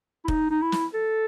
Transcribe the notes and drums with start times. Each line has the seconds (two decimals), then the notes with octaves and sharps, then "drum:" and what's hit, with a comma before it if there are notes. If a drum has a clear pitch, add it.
0.25 E4
0.28 D#4, drum: kick
0.50 D#4
0.62 E4
0.72 drum: snare
0.94 A4